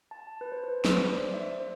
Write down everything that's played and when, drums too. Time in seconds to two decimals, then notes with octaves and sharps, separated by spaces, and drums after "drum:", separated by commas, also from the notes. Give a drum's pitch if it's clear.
0.11 A5
0.41 B4
0.52 C5
0.64 B4
0.85 drum: snare
1.03 C5
1.13 D5
1.23 C5
1.34 E5
1.60 C5